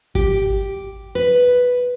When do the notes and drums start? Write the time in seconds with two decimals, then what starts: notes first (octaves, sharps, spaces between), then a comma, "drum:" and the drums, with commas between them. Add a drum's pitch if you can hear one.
0.15 G4, drum: kick G#1, hi-hat
0.38 drum: open hi-hat
1.15 B4
1.32 drum: open hi-hat